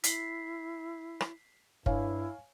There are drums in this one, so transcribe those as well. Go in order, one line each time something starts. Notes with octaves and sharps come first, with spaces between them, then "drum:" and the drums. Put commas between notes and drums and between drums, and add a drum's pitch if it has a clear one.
E4 B6 C7, drum: hi-hat
drum: rim click
G2 E4 C#5 F5 G#5, drum: kick